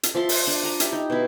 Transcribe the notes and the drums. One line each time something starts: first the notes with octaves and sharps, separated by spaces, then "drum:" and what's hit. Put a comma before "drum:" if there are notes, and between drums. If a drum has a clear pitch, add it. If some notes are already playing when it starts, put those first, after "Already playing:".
drum: hi-hat
F3 E5 A5 C6
drum: open hi-hat
D4
D5 A#5
E4 G4 E5, drum: hi-hat
D#4
B2 E4